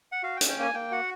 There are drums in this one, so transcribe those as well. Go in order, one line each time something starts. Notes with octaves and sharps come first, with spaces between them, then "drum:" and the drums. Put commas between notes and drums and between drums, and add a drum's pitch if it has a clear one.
F#5
F#4 F5
G5
C#4, drum: hi-hat
G5
A#3 G#5
A#3 G5
F#4 F#5